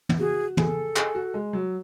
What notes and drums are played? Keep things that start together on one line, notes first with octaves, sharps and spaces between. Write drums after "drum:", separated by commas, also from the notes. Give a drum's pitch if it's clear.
drum: tom
F#4 G#4
G#4 A4, drum: tom
G#4, drum: clap
F#4
G#3
F#3